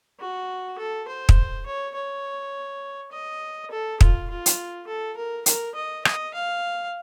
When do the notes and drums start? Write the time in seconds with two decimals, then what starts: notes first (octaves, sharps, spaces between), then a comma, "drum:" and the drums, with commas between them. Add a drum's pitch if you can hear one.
0.20 F#4
0.79 A4
1.08 C5
1.29 drum: kick
1.66 C#5
1.95 C#5
3.12 D#5
3.71 A4
4.01 F4, drum: kick
4.30 F4
4.46 drum: hi-hat
4.88 A4
5.17 A#4
5.46 A#4, drum: hi-hat
5.75 D#5
6.05 D#5, drum: rim click
6.34 F5